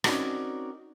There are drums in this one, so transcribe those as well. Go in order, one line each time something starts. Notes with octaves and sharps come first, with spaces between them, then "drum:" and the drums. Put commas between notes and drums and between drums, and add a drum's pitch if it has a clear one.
C4 C#4 D#4 F#4 A#4 D5, drum: rim click